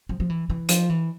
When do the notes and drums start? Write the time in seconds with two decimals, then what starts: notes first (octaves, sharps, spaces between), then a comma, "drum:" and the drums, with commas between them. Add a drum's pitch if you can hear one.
0.09 F3
0.20 F3
0.30 E3
0.50 E3
0.69 F3, drum: hi-hat
0.89 E3